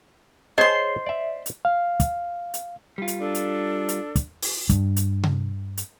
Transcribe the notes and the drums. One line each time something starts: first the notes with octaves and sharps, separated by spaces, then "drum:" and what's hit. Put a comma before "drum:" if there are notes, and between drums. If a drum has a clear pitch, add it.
G#4 C5 C#5 D#5 A5 C6
D5 E5
drum: hi-hat
F5
drum: kick, hi-hat
drum: hi-hat
G3 F4
drum: hi-hat
D4 A4
drum: hi-hat
drum: hi-hat
drum: kick, hi-hat
drum: open hi-hat
G2, drum: kick, hi-hat
drum: hi-hat
drum: tom C3
drum: hi-hat